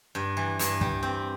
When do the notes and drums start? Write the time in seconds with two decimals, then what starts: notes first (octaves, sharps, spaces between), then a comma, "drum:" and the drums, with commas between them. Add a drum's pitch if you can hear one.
0.15 G2
0.37 E3
0.59 G2, drum: hi-hat
0.81 G3, drum: kick
1.03 C4